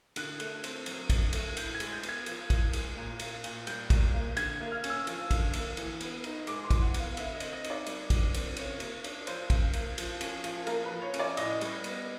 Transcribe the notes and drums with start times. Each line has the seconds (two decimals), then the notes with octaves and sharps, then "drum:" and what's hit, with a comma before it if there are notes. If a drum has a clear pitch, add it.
0.16 D3 F#6, drum: cymbal
0.40 A3, drum: cymbal
0.64 C4, drum: cymbal
0.86 F#3, drum: cymbal
1.10 D3, drum: kick, cymbal
1.33 A3, drum: cymbal
1.57 A2 G6, drum: cymbal
1.74 G#6
1.80 G#3, drum: cymbal
1.92 G6
2.03 B3, drum: cymbal
2.09 G#6
2.26 F3, drum: cymbal
2.50 A2, drum: kick, cymbal
2.73 G#3, drum: cymbal
2.97 A#2
3.19 A#3, drum: cymbal
3.44 A#2, drum: cymbal
3.67 G3 G6, drum: cymbal
3.90 A#2, drum: kick, cymbal
4.14 A#3
4.37 D3 G#6, drum: cymbal
4.61 A#3
4.72 F6
4.84 C#4, drum: cymbal
4.90 E6
5.07 F3, drum: cymbal
5.31 D3, drum: kick, cymbal
5.53 A#3, drum: cymbal
5.77 E3, drum: cymbal
6.01 B3, drum: cymbal
6.24 D#4, drum: cymbal
6.47 G#3 D6, drum: cymbal
6.64 C6
6.71 E3, drum: kick, cymbal
6.81 F#5
6.94 B3, drum: cymbal
7.00 F5
7.17 D3 E5, drum: cymbal
7.34 D#5
7.40 C4, drum: cymbal
7.53 D#5
7.64 D#4, drum: cymbal
7.70 D5
7.86 G3, drum: cymbal
8.10 D3, drum: kick, cymbal
8.34 C4, drum: cymbal
8.57 C#3 C#5, drum: cymbal
8.80 A#3, drum: cymbal
9.04 D4, drum: cymbal
9.27 F3 C5, drum: cymbal
9.50 C#3, drum: kick, cymbal
9.73 A#3, drum: cymbal
9.98 F3, drum: cymbal
10.21 C#4, drum: cymbal
10.44 F3, drum: cymbal
10.67 A#3 A#4, drum: cymbal
10.85 F3 B4
11.02 C#5
11.14 C#4, drum: cymbal
11.19 D5
11.37 A2 D#5, drum: cymbal
11.61 G3, drum: cymbal
11.84 B3, drum: cymbal